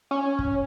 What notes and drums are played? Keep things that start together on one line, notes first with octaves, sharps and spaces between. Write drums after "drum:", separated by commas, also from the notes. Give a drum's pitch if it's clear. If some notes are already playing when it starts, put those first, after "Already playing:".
C#4
drum: kick